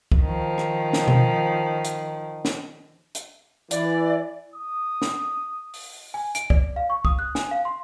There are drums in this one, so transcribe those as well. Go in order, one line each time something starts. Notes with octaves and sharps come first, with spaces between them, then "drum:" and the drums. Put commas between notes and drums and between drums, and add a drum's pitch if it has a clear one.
drum: kick
D#3 F3
drum: rim click
drum: snare
drum: tom B2
drum: hi-hat
drum: snare
drum: hi-hat
E3 D5, drum: hi-hat
D#6
drum: snare
drum: open hi-hat
G#5
D7, drum: hi-hat
D5, drum: kick
F5
C#6
D#6, drum: kick
F#6
G#5, drum: snare
F5
C6